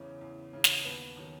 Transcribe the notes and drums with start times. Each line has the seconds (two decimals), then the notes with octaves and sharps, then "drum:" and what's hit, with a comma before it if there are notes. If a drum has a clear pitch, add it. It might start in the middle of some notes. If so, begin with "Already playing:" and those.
Already playing: E2 C#3 E3 C#4
0.21 E2
0.53 C#3 E3
0.64 drum: snare
0.85 D#2 B3 B4
1.17 D#3 F#3